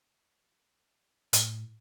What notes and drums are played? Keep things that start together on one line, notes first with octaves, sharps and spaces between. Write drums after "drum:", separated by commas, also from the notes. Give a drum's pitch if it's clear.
A2, drum: hi-hat